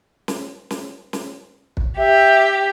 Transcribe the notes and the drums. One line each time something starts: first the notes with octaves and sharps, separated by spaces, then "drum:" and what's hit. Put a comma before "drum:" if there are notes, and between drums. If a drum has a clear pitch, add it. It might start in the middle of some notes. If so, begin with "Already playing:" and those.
drum: snare
drum: snare
drum: snare
drum: kick
G4 E5